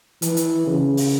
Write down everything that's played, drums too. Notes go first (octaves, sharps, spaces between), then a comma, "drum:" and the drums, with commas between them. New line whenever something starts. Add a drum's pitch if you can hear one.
E3, drum: hi-hat
drum: hi-hat
C#3
drum: open hi-hat